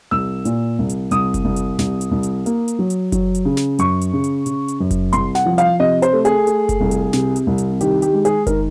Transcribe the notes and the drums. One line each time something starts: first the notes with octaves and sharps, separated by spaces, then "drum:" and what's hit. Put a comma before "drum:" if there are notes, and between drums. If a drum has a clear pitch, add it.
C2 E6
A#2, drum: hi-hat
C2
drum: hi-hat
C2 D#6, drum: hi-hat
drum: kick F#1, hi-hat
C2
drum: hi-hat
C2, drum: snare
drum: hi-hat
C2
drum: hi-hat
A#3, drum: hi-hat
drum: hi-hat
F#3
drum: hi-hat
F#3, drum: kick F#1, hi-hat
drum: hi-hat
C#3
drum: snare
F#2 C#6, drum: hi-hat
drum: hi-hat
C#3
drum: hi-hat
C#3, drum: hi-hat
drum: hi-hat
F#2
drum: kick F#1, hi-hat
C2 C6, drum: hi-hat
F#5, drum: snare
F3
F5, drum: hi-hat
C3 D#5
C5, drum: hi-hat
A3
G#4, drum: hi-hat
A3, drum: hi-hat
drum: kick F#1, hi-hat
C2
drum: hi-hat
C3, drum: snare
drum: hi-hat
C2
drum: hi-hat
D#3 G4, drum: hi-hat
G4, drum: hi-hat
G#3
G#4, drum: hi-hat
D#3 A#4, drum: kick F#1, hi-hat